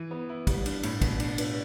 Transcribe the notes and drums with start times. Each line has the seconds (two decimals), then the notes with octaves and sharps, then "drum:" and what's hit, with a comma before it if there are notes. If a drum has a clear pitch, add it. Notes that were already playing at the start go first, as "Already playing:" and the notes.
Already playing: E3
0.11 B3
0.29 E4
0.47 G3, drum: kick, cymbal
0.66 D4, drum: cymbal
0.83 A2, drum: cymbal
1.01 B2, drum: kick, cymbal
1.20 D4, drum: cymbal
1.38 D4, drum: cymbal